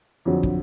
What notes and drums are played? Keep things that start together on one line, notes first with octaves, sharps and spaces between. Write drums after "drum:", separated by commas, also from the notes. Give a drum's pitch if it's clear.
F2 D3 F#3
drum: kick